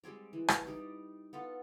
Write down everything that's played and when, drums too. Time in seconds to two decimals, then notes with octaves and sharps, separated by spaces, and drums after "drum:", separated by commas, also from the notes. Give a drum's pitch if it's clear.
0.04 G3 G#3 C4 D5
0.33 E3
0.48 drum: rim click
0.67 G3 D#4 D5
1.33 B3 F4 A4